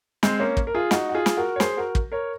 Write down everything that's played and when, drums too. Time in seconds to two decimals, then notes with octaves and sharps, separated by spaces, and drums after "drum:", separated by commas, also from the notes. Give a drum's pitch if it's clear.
0.23 G#3 C4, drum: snare
0.39 A#3 C#4
0.57 drum: kick
0.67 A#4
0.75 F4 G#4
0.91 D#4 F#4, drum: snare
1.09 F#4
1.14 F4 G#4
1.26 drum: snare
1.37 F#4 A#4
1.56 C#5
1.60 G#4 C5, drum: snare
1.77 F#4 A#4
1.95 drum: kick
2.12 A#4 C#5